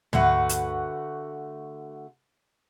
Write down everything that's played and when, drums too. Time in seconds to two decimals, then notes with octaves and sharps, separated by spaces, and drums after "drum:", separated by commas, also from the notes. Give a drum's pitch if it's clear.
0.13 D3 A3 F#4 B4, drum: tom
0.49 drum: hi-hat